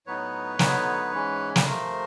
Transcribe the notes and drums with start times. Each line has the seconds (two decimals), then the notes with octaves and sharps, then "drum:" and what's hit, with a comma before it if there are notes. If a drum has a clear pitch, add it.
0.06 A2 F#3 B3 D#4 B4 C#5
0.59 D3 F#3 B3 D#4, drum: snare
1.12 G#2 E3 G#3 C#4
1.56 B4, drum: snare
1.65 C3 F3 A3 A#4 C5